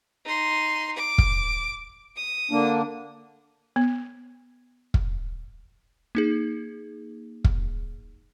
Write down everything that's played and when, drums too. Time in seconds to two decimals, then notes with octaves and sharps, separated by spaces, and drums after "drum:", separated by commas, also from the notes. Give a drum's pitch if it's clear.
0.24 D#4 C6
0.97 D6
1.18 drum: kick
2.17 D#6
2.51 D3 A#3 D4
3.76 B3
4.94 drum: kick
6.15 A#3 D#4 G#4
7.44 drum: kick